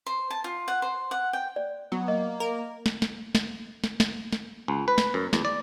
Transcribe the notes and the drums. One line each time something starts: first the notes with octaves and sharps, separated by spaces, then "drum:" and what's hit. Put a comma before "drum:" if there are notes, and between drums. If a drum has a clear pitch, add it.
C5
A5
F4
F#5
C5
F#5
G5
D5
F#3 B3
A#3 D#5
A#4
drum: snare
drum: snare
drum: snare
drum: snare
drum: snare
drum: snare
C#2
B4
drum: snare
F#2
E2, drum: snare
D5